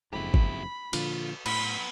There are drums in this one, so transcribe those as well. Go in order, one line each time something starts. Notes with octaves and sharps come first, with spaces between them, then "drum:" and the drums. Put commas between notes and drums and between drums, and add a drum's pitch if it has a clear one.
F#1 F2 G#2 E4 G4 B5
drum: kick G#1
A#2 D3 F3 F4, drum: cymbal
A2 B3 B5 C6 B6, drum: cymbal